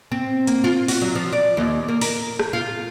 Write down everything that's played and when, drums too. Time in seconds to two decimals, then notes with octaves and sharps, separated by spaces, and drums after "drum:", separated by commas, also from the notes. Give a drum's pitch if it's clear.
0.12 C4
0.47 A#3, drum: hi-hat
0.64 F4
0.88 F#4, drum: open hi-hat
1.02 F#3
1.15 F3
1.32 D5
1.57 D#2
1.88 A#3
2.01 A#4, drum: open hi-hat
2.39 drum: rim click
2.53 F4